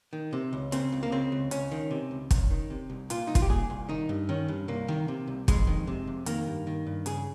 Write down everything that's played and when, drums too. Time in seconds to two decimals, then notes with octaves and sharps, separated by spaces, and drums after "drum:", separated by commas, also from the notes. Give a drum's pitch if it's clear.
0.13 D#3
0.33 C3
0.53 C#2
0.72 C#3 C4, drum: hi-hat
0.92 C#2
1.03 A#3
1.12 C#3 C4
1.32 C#2
1.51 C#2 C#4, drum: hi-hat
1.71 D#3
1.91 C3
2.11 C#2
2.31 C2, drum: kick, hi-hat
2.51 D#3
2.70 C3
2.90 C2
3.10 A#2 F4, drum: hi-hat
3.27 C2 D#4
3.35 F4, drum: kick, hi-hat
3.42 G4
3.49 A#2 G#4
3.70 C2
3.89 D#3 D#4
4.09 G2
4.29 D#3 C#4
4.48 G2
4.68 C2 A#3
4.88 D#3
5.08 C3
5.27 C2
5.48 F2 G#3, drum: kick, hi-hat
5.67 D#3
5.87 C3
6.07 F2
6.26 D#3 A#3, drum: hi-hat
6.47 G2
6.67 D#3
6.87 G2
7.06 C#3 G#4, drum: hi-hat